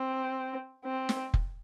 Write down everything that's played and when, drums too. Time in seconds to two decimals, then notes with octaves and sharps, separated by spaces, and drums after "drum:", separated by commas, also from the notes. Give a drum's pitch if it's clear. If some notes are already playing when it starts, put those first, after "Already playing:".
Already playing: C4
0.85 C4
1.09 drum: snare
1.34 drum: kick F1